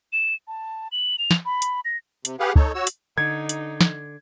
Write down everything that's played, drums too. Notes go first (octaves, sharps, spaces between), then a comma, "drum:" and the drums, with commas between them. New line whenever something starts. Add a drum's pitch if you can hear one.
E7
A5
F#7
F7
drum: snare
B5
drum: hi-hat
A#6
C3, drum: hi-hat
G4 G#4 B4 F5 F#5
D#4 A4 C#5, drum: kick
F#4 C#5 E6
drum: hi-hat
D3 D#4 G#6
drum: hi-hat
drum: snare